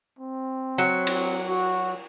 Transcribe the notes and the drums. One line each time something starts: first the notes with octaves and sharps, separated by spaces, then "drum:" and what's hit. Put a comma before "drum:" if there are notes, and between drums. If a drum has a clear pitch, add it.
C4
F#3
drum: cymbal
F#4